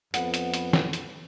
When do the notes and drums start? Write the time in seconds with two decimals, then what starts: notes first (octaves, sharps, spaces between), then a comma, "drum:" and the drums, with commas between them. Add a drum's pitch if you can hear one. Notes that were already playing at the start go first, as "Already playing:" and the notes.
0.14 F2 B3 F#5, drum: hi-hat
0.34 drum: hi-hat
0.54 drum: hi-hat
0.73 drum: snare
0.93 drum: hi-hat